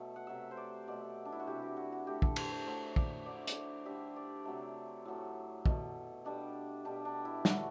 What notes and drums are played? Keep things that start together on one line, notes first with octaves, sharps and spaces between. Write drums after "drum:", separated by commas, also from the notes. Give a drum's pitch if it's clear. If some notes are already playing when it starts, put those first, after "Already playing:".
Already playing: B2 F#3 A3
F#5
C3 F#3 A3 E5
C5
D5
B2 F#3 A3 D5
D4
E4
F#4
C3 E3 G3 G4
F#4
F#4
F#4
D3 A3 G4
A4, drum: kick
C5, drum: cymbal
C5
A2 F#3 A3 C5
D5, drum: kick
D3 A3 D5
drum: hi-hat
D3 G3 E5
D5
C3 F#3 A3
A2 F#3 A3
B2 A3, drum: kick
B2 G3 D4
B2 G3 D4
D4
E4
D3 F#3 A3 F#4, drum: snare